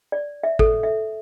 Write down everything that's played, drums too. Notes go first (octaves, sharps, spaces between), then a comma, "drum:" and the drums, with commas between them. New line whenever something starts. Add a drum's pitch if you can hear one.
D5
E5
A4, drum: kick
E5